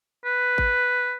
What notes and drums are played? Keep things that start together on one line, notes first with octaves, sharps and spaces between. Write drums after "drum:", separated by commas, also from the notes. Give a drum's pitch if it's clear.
B4
drum: kick G#1